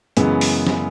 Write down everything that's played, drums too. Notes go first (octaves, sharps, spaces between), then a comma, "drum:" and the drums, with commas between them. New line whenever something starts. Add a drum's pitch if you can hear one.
F#2 C#3 E3 G#3 B3, drum: hi-hat
drum: open hi-hat
drum: snare